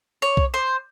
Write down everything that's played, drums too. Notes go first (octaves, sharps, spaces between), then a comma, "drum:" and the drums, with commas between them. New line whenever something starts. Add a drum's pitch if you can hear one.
C#5
drum: kick B1
C5